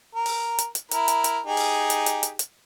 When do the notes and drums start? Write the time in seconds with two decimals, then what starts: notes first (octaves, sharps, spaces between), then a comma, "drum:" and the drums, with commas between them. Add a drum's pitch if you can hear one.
0.15 A#4
0.26 drum: open hi-hat
0.59 drum: hi-hat
0.75 drum: hi-hat
0.91 E4 A#4, drum: hi-hat
1.08 drum: hi-hat
1.24 drum: hi-hat
1.46 D#4 G4 G#4
1.57 drum: open hi-hat
1.90 drum: hi-hat
2.06 drum: hi-hat
2.23 drum: hi-hat
2.39 drum: hi-hat